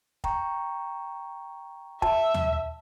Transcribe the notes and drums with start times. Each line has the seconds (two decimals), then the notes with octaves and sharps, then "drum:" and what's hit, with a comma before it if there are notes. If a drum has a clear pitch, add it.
0.24 G5 A#5 C#6, drum: kick F1
2.02 E5 A5, drum: kick F1
2.34 drum: tom D#2